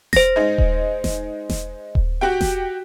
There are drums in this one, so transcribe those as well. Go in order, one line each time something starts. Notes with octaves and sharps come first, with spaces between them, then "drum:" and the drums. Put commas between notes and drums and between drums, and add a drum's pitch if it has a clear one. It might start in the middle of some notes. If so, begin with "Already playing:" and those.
C5 A#6, drum: snare E1
G#3 D#4
drum: kick D#1
drum: snare E1
drum: snare E1
drum: kick D#1
F#4 G4 G5
drum: snare E1